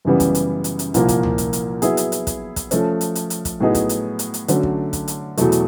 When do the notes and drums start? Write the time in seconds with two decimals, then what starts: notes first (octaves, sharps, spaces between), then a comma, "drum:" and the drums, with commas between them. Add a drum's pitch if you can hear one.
0.05 F#2 C#3 E3 G3 B3
0.20 drum: kick, hi-hat
0.35 drum: hi-hat
0.64 drum: hi-hat
0.79 drum: hi-hat
0.94 C2 A#2 F3 A#3, drum: hi-hat
1.08 drum: kick, hi-hat
1.23 drum: tom D2
1.38 drum: kick, hi-hat
1.53 drum: hi-hat
1.82 F#3 B3 E4 G#4, drum: hi-hat
1.97 drum: hi-hat
2.12 drum: hi-hat
2.27 drum: kick, hi-hat
2.56 drum: kick, hi-hat
2.71 F3 A3 C#4, drum: hi-hat
3.01 drum: hi-hat
3.15 drum: hi-hat
3.30 drum: hi-hat
3.45 drum: kick, hi-hat
3.60 A2 F#3 B3 D#4 G#4
3.75 drum: kick, hi-hat
3.89 drum: hi-hat
4.19 drum: hi-hat
4.34 drum: hi-hat
4.48 D3 F#3 A3 C#4, drum: hi-hat
4.63 drum: kick
4.93 drum: kick, hi-hat
5.08 drum: hi-hat
5.37 E2 B2 F#3 A3, drum: hi-hat
5.52 drum: hi-hat